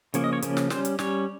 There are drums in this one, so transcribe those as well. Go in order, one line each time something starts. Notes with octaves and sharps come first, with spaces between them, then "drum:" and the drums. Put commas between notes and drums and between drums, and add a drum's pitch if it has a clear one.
C#3 F3 A#3 C#4 C#5, drum: hi-hat
D#5
C#5
C#3 F3 A#3 C#4, drum: hi-hat
drum: snare
G3 C#4 C5, drum: snare
drum: hi-hat
G3 C#4 C#5, drum: snare